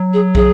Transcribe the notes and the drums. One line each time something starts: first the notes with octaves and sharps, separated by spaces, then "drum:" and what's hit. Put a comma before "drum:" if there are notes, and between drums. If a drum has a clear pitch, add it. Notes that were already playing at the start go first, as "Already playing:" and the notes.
Already playing: F#3
G#4
G#4, drum: kick